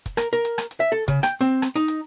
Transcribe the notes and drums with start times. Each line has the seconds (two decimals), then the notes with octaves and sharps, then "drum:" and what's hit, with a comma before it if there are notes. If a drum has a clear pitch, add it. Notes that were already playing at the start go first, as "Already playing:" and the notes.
0.06 drum: kick G1, hi-hat
0.17 A#4, drum: rim click
0.33 A#4, drum: hi-hat
0.45 drum: hi-hat
0.58 drum: rim click
0.71 drum: hi-hat
0.80 E5
0.92 A4
1.08 C#3, drum: kick G1, hi-hat
1.23 G5, drum: rim click
1.41 C4
1.62 drum: rim click
1.76 D#4, drum: hi-hat
1.88 drum: hi-hat